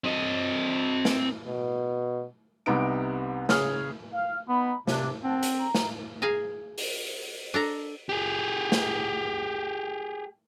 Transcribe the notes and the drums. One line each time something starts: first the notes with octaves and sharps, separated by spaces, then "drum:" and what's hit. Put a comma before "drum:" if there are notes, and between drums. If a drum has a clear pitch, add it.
C4 D#5
drum: snare
B2
C2 C3 B3 D#4 D7
C#3 G#4 C#5 F6, drum: snare
F5
B3 D#4 B5
C3 D4, drum: snare
C4 F#5 A5
drum: hi-hat
A#5
drum: snare
G#4 F5 G#5 A#5
drum: open hi-hat
D4 A4 A#5
G4 G#4
drum: snare